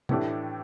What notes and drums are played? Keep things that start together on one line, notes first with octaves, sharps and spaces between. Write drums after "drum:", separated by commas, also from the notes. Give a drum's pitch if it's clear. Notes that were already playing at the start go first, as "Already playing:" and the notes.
A2 E3 A3 D4 G4, drum: tom C3